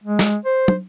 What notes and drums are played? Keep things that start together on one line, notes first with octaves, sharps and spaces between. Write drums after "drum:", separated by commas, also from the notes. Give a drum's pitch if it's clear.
G#3
drum: snare
C5
drum: tom